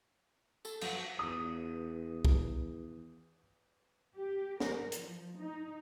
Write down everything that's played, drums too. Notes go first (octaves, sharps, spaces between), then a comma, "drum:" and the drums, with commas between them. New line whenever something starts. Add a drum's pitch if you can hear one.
A4 A5, drum: tambourine
F#2 F3 F#5 G6, drum: cymbal
E2 D#6
drum: kick C2
G4
A#4, drum: snare
F3, drum: hi-hat
D#4